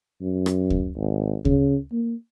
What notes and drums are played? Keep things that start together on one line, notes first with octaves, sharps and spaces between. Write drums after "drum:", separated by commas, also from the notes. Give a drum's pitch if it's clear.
F#2
drum: rim click
drum: kick D2
G#1
C#3, drum: kick D2
A#3